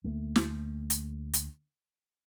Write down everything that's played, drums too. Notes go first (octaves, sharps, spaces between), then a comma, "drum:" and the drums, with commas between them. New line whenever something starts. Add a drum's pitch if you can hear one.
D2 A3 A#3
drum: snare
drum: hi-hat
drum: hi-hat